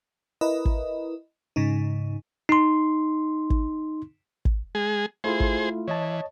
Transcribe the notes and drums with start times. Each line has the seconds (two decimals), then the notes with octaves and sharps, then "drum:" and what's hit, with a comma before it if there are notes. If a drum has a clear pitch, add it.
0.41 E4 A#4 B4 D#5
0.65 drum: kick
1.56 G#2 C#3 D#4
2.49 D#4 C6
3.50 drum: kick
4.45 drum: kick
4.75 G#3 G#4
5.24 A3 E4 F4 G#4 C5
5.40 drum: kick
5.88 E3 C#5 D#5 A5